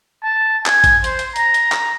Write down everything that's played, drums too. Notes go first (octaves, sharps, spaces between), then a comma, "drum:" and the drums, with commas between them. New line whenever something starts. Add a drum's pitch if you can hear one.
A5
G#5, drum: clap
drum: kick A1, hi-hat
C5, drum: hi-hat
drum: hi-hat
A#5, drum: hi-hat
drum: hi-hat
drum: clap